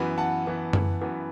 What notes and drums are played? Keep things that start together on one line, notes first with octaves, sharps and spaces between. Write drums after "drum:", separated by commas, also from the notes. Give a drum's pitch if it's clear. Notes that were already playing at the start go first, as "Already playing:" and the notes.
Already playing: F#2 E3 B3
F#5 A5
F#2 E3 B3
drum: tom F#2
F#2 E3 B3